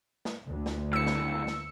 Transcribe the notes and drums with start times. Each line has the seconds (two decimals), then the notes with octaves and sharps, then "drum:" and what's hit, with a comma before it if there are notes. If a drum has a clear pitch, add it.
0.25 drum: snare
0.47 D2 D3
0.66 drum: snare
0.93 C#2 A2 E6 C#7
1.07 drum: snare
1.47 drum: snare